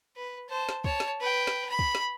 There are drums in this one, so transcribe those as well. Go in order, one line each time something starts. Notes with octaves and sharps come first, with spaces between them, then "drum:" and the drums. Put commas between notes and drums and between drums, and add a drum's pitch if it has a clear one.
B4
C5 A5
drum: snare
C#5 A5, drum: kick
drum: snare
B4 G5
drum: snare
B5
drum: kick
drum: snare